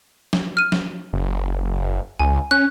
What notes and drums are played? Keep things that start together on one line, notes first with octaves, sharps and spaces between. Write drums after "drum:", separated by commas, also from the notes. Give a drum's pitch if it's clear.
drum: snare
F6 D#7
drum: snare
F#1
C#2 G#5
C#4 F#6